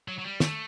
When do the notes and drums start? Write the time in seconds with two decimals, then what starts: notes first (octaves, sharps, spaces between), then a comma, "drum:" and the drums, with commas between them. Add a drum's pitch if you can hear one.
0.08 F#3
0.19 F#3
0.25 G3
0.40 A3, drum: snare